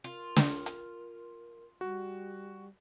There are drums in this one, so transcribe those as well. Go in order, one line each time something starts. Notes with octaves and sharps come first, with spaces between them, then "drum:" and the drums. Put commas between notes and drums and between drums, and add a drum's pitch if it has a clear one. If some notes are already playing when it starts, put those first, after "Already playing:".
F4 A#4
drum: snare
drum: hi-hat
G3 F#4